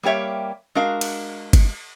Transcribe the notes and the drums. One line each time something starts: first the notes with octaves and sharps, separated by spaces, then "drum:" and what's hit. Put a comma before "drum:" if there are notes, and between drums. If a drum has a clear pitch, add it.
G3 A#3 G4 C#5 E5
G#3 D4 F#4 A#4 F5
drum: cymbal
drum: kick, cymbal